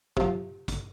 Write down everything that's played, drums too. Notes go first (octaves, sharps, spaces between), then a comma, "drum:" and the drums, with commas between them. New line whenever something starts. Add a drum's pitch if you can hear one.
C3 F3, drum: kick
drum: kick, hi-hat